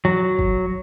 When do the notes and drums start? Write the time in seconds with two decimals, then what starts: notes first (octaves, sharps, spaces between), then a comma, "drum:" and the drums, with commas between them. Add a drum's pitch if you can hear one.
0.05 F#3
0.39 drum: kick F#1